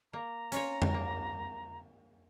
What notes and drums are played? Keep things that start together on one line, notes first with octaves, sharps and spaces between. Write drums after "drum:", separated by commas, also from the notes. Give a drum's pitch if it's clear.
A#3 A#5
C#4 F4 C#5, drum: hi-hat
drum: tom F2
A#3